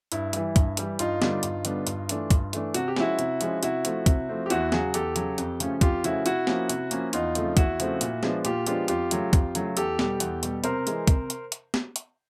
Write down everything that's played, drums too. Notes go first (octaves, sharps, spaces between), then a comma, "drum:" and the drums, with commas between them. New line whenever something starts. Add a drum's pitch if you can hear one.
G2 E4, drum: hi-hat
E3 G3, drum: hi-hat
G2, drum: kick, hi-hat
E3 G3, drum: hi-hat
G2 D#4 F4, drum: hi-hat
D3 G3 B3 D4, drum: snare
G2, drum: hi-hat
D3 G3 B3 D4, drum: hi-hat
G2, drum: hi-hat
E3 A3 D4, drum: hi-hat
G2, drum: kick, hi-hat
E3 A3 D4, drum: hi-hat
C3 F#4, drum: hi-hat
G4
F3 G#3 C#4 E4 F#4, drum: snare
C3, drum: hi-hat
F3 G#3 C#4, drum: hi-hat
C3 E4 F#4, drum: hi-hat
F3 A3 C4, drum: hi-hat
C3, drum: kick, hi-hat
F3 A3 C4
G4
E2 E4 F#4, drum: hi-hat
C#3 F#3 F#4 G#4, drum: snare
E2 G4 A4, drum: hi-hat
C#3 F#3, drum: hi-hat
F2, drum: hi-hat
C#3 F3 A3 C#4, drum: hi-hat
F2 F4 G4, drum: kick, hi-hat
C#3 F3 A3 C#4 E4 F#4, drum: hi-hat
C3 E4 F#4, drum: hi-hat
F3 A#3 C#4, drum: snare
C3, drum: hi-hat
F3 A#3 C#4, drum: hi-hat
E2 D#4 F4, drum: hi-hat
C#3 F3 A3 C4, drum: hi-hat
E2 E4 F#4, drum: kick, hi-hat
C#3 F3 A3 C4, drum: hi-hat
A#2, drum: hi-hat
F3 G#3 B3 D4, drum: snare
A#2 F4 G4, drum: hi-hat
F3 G#3 B3 D4 F4 G4, drum: hi-hat
F2 F4 G4, drum: hi-hat
C#3 F#3 A3, drum: hi-hat
F2, drum: kick, hi-hat
C#3 F#3 A3, drum: hi-hat
E2 G4 A4, drum: hi-hat
B2 G3, drum: snare
E2, drum: hi-hat
B2 G3, drum: hi-hat
C3 A#4 C5, drum: hi-hat
E3 G#3, drum: hi-hat
C3, drum: kick, hi-hat
drum: hi-hat
drum: hi-hat
drum: snare
drum: hi-hat